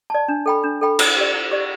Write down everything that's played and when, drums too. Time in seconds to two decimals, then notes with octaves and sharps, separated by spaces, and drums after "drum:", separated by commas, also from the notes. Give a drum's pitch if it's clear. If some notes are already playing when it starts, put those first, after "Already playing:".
0.10 D5 A5
0.28 D4
0.46 A4 G5 B5
0.64 D4
0.81 A4 G5 B5
0.99 E4, drum: cymbal
1.17 G4 D5
1.34 E4
1.51 G4 D5